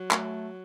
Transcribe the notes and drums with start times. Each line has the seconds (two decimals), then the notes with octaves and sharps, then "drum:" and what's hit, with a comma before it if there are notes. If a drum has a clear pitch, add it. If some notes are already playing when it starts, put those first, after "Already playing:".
Already playing: F#3
0.11 A3, drum: clap